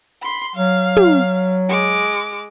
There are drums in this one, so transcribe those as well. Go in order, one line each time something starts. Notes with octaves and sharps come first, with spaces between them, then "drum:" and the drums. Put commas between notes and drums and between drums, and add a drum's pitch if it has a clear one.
B5 C6
F#3 F5
drum: tom
G#3 D6